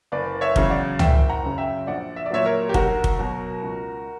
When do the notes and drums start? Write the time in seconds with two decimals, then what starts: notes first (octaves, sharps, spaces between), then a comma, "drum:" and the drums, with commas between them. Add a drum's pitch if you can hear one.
0.12 F#1 B4 D5
0.41 C#5 E5
0.56 E2 C#3 F#3, drum: kick
0.70 D5 F#5
0.99 F#1 E5 G5, drum: tom
1.29 F#5 A#5
1.43 F#2 C#3 F#3
1.58 E5 G5
1.87 A#1 D5 F#5
2.16 E5
2.26 D5
2.30 A#2 F#3 C#5 E5
2.46 A#4 C#5
2.69 G4
2.74 B1 F#4 A#4, drum: kick
3.04 drum: kick
3.18 B2 F#3
3.62 C#2